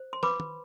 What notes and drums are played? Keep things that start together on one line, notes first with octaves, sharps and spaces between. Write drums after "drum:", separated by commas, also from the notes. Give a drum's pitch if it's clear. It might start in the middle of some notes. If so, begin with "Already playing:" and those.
Already playing: C5
C6
B4 B5 D6, drum: snare
drum: tom